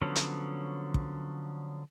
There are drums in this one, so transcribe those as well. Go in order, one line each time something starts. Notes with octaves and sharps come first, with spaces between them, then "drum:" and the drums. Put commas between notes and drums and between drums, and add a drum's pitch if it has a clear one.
D3 F3 F#3 B3 C#4
drum: hi-hat
drum: kick